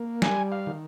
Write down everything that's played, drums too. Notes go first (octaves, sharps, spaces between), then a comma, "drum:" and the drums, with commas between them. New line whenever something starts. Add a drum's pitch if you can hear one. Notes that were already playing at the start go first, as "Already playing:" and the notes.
Already playing: A#3
G3 G#5, drum: snare
F5
D#3